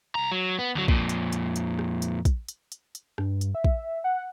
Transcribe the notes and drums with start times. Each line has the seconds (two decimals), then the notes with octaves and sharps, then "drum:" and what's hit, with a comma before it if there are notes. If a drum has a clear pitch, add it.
0.15 C2 A#5
0.32 F#3
0.59 B3
0.75 D2 F#3
0.88 F2 A#2, drum: kick
1.09 drum: hi-hat
1.32 drum: hi-hat
1.56 drum: hi-hat
1.79 drum: rim click
2.02 drum: hi-hat
2.25 drum: kick, hi-hat
2.48 drum: hi-hat
2.72 drum: hi-hat
2.95 drum: hi-hat
3.18 G2, drum: rim click
3.41 drum: hi-hat
3.55 E5
3.64 drum: kick
4.04 F#5